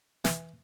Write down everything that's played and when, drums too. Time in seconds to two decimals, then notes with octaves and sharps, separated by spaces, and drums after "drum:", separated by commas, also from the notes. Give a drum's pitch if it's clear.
0.25 E3, drum: snare